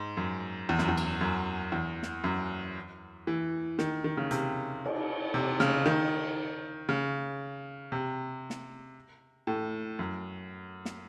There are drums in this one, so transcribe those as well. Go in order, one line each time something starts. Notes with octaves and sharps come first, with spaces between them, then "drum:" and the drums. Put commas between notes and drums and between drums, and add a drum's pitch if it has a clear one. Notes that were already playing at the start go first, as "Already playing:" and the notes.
Already playing: G#2
F#2
E2
F#2, drum: snare
E2
drum: cymbal
F#2
E2
drum: snare
F#2
E3
D#3, drum: snare
D#3
C#3
C3, drum: hi-hat
drum: cymbal
C3
C#3, drum: snare
D#3
C#3
C3
drum: snare
A2
F#2
drum: snare